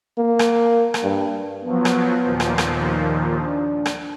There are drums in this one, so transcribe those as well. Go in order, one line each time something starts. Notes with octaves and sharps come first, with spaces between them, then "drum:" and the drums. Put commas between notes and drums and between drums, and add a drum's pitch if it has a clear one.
A#3
drum: rim click
drum: rim click
G2
F3 F#3 B3
drum: rim click
D#2 A#2 F3
drum: rim click
drum: rim click
D#3
D4
drum: rim click